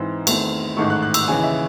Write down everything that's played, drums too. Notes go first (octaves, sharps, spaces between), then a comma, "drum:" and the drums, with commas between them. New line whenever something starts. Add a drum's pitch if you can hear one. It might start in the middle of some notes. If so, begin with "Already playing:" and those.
Already playing: G#2 E3 C4 C6
E2 D#3 A3 C4, drum: cymbal
A1 G#2 D#3 A3 C#6
F#6
F#6
E6, drum: cymbal
D#2 C#3 E3 G#5
E5